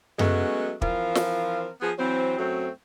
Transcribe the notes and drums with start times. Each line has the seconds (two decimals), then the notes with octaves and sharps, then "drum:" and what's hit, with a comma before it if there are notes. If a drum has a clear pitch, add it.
0.19 F#3 G#3 A3 B3 C#4, drum: tom F#2
0.82 E3 F3 C4 F4 A#4, drum: kick
1.15 drum: snare
1.81 F3 B3 G#4
1.99 E3 F#3 C4
2.39 F#2 F#3 A3 C4